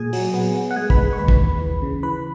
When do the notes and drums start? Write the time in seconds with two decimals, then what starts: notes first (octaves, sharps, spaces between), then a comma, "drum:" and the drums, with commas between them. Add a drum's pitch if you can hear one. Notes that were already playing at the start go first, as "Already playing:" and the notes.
Already playing: A#2 G#4 G#5
0.13 F#3, drum: open hi-hat
0.34 B3
0.55 B3
0.71 F#5
0.76 G#3 G#4 G#5
0.90 B4 B5, drum: kick
0.97 G#3
1.13 C#6
1.18 D#2 B4 B5
1.28 drum: kick
1.40 D#2
1.61 E3
1.82 C#3
2.03 E3 B4 B5